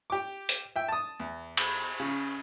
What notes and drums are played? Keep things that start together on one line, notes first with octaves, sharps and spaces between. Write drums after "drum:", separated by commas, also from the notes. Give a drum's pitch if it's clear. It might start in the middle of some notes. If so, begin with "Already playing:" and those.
G4 D6
drum: hi-hat
E5 G5
A5 D#6
E2
drum: cymbal
C#3